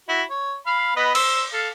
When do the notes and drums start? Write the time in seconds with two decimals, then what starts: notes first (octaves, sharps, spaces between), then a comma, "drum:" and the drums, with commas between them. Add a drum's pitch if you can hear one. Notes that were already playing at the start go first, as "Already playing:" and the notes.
0.09 E4 F#4
0.30 C#5
0.67 F5 B5
0.96 B3 B4 D#5
1.15 C5 E6, drum: cymbal
1.53 A4 F5